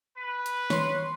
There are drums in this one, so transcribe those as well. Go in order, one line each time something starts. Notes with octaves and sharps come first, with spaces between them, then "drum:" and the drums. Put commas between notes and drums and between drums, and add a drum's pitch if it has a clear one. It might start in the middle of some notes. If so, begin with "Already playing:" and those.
B4
drum: hi-hat
C#5 C6, drum: snare